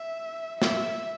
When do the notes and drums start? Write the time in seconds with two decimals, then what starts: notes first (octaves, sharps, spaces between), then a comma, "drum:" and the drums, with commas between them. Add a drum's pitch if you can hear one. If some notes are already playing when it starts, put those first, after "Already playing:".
Already playing: E5
0.62 E5, drum: snare